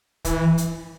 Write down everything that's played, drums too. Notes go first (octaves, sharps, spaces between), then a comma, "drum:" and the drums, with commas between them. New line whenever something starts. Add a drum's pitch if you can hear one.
E3, drum: kick, hi-hat
drum: hi-hat